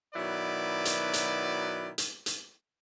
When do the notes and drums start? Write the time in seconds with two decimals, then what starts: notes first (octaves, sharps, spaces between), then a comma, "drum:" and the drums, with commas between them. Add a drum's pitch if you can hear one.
0.15 B2 D#3 F#3 E4 B4 D5
0.85 drum: hi-hat
1.13 drum: hi-hat
1.98 drum: hi-hat
2.26 drum: hi-hat